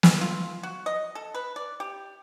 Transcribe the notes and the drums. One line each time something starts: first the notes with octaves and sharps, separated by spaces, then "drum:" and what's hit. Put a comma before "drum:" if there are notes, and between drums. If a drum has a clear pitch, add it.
drum: snare
F4
F#4
D#5
A4
B4
D5
G4